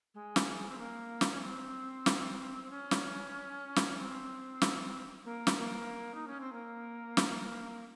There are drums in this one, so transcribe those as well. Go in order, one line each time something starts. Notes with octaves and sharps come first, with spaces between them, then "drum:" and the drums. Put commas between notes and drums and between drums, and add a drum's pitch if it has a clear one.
G#3
drum: snare
G#3
C4
A#3
drum: snare
C#4
C4
drum: snare
C4
C#4
drum: snare
drum: snare
C4
drum: snare
A#3
drum: snare
A#3
D#4
C#4
C4
A#3
drum: snare